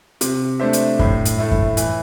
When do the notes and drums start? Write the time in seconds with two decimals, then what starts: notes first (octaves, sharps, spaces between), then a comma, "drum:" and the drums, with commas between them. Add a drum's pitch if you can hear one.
0.21 C3, drum: hi-hat
0.60 A3 D4 C5 E5
0.73 drum: hi-hat
0.99 A2, drum: kick F#2
1.25 drum: hi-hat
1.39 A3 E4
1.51 drum: kick F#2
1.77 E3, drum: hi-hat